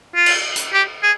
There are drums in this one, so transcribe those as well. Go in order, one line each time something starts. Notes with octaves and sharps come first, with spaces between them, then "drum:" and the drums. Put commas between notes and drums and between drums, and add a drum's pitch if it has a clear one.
F4
drum: cymbal
drum: hi-hat
G4
G#4